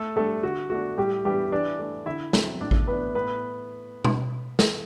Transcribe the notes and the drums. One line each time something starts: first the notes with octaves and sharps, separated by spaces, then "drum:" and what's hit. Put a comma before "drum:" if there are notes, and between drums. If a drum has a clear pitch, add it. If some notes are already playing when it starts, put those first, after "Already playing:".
Already playing: A3 A4
G3 A3 D4 A4
D3 F#4
A3 D4 F#4
A2 G3 G4
E3 G3 B3 D4 G4
E3 D4 D5
A3 D4
D3 E4 E5
F#3 C4, drum: snare
A2 D4 D5
drum: kick A1
E3 B3 D4 B4
A2 B3 B4
drum: tom B2
drum: snare